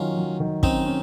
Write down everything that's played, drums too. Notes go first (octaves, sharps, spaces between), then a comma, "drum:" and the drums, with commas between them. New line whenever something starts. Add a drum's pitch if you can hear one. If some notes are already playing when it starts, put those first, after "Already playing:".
Already playing: D#3 F#3 C#4 F4
F#3
D#3
C4 C#4 D#4, drum: kick
C#4